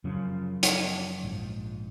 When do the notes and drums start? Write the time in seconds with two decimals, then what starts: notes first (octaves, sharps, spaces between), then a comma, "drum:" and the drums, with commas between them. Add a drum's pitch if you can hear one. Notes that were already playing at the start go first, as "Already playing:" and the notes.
0.04 F#2 C#3 F3
0.63 drum: hi-hat
1.23 A#1 G#2 F3